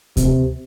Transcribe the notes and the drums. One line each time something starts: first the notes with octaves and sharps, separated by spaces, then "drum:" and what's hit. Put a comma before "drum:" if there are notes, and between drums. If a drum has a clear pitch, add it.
C3, drum: kick D2, hi-hat